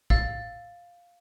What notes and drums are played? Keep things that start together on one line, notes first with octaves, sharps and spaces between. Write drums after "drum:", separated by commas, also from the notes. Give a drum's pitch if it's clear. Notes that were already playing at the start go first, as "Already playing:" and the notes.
F5 E6 A6, drum: kick